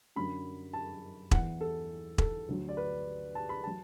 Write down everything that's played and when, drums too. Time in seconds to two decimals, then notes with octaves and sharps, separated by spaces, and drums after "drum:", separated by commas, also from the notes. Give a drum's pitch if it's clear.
0.16 F#2 D3 F#3 B5
0.73 A5
1.31 E2 E3 F#5, drum: kick E1
1.61 A4
2.18 A4, drum: kick E1
2.48 D2 D3 F#3
2.69 D5
2.77 B4
3.35 A5
3.49 B5
3.64 F#3 A5